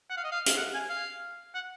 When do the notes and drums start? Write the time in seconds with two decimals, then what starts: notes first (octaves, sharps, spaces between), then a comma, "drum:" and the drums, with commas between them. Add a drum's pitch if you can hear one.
0.10 F#5
0.17 F5
0.24 D#5
0.32 F5
0.46 F5, drum: hi-hat
0.57 F#5
0.74 G#5
0.89 F5
1.54 F#5